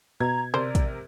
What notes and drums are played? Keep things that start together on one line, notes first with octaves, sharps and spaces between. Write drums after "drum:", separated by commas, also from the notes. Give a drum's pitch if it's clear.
B2 A#5 G#6
C3 A#4 C5 D5
drum: kick, hi-hat